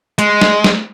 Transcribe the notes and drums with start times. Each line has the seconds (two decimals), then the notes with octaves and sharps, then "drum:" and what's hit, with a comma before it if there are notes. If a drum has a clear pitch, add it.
0.19 G#3, drum: hi-hat
0.41 drum: snare
0.64 drum: snare